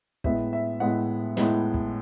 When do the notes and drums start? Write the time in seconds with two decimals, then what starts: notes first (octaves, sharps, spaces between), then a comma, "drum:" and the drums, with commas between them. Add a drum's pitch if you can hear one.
0.24 A2 G#3 B3 E5, drum: kick
0.53 E5
0.80 A2 G#3 B3 F#5
1.37 A2 G#3 B3, drum: snare
1.74 drum: kick